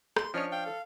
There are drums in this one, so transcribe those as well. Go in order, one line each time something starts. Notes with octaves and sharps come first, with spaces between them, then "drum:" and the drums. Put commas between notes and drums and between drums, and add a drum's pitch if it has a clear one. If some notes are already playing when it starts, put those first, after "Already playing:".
C6, drum: rim click
F3 C#4 D4 C#5 D#5
F5 G5
A4